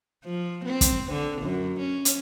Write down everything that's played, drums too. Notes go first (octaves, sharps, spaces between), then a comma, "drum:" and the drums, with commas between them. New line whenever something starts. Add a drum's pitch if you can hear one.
F3
C4
drum: kick, hi-hat
D3
F#2
C#4
drum: hi-hat